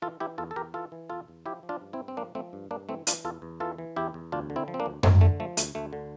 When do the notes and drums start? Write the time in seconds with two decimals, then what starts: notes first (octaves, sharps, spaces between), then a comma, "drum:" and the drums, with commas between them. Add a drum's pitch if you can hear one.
0.02 E3 F4 A4
0.20 E3 E4 G4
0.38 E2 F4 A4
0.51 A4
0.56 E2 G4 A#4
0.74 E3 F4 A4
0.92 E3
1.09 E2 F4 A4
1.28 E2
1.46 F3 E4 G4
1.63 F3
1.69 D4 F4
1.81 G2
1.93 C4 E4
2.00 G2
2.08 C4
2.17 F3 A#3 D4
2.35 F3 A3 C4
2.53 G2
2.71 G2 A#3 D4
2.89 E3 A3 C4
3.07 E3 D4 F4, drum: hi-hat
3.25 E2 F4 A4
3.42 E2
3.60 E3 F4 A4
3.78 E3
3.96 E2 E4 G4
4.14 E2
4.32 D2 D4 F4
4.50 D3
4.56 C4 E4
4.68 F3
4.74 C4
4.80 A#3 D4
4.86 D2
5.03 D2 A3 C4, drum: tom F#2
5.21 D3 A3
5.40 F3 A3
5.57 D2 A3, drum: hi-hat
5.75 D2 A3
5.93 D3